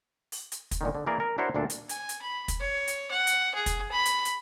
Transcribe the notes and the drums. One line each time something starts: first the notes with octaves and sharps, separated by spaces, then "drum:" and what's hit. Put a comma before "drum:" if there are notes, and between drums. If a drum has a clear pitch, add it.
drum: open hi-hat
drum: hi-hat
drum: kick, hi-hat
A#2 D3 D#3
D3
E3 A#3 G#4 A#4 D5
A#4
D4 E4 F#4 A#4 C5 C#5
D2 A#2 D4 A4 F5
drum: hi-hat
G#5, drum: hi-hat
drum: hi-hat
B5
drum: kick, hi-hat
C#5
drum: hi-hat
F#5
drum: hi-hat
G#4
drum: kick, hi-hat
B5
drum: hi-hat
drum: hi-hat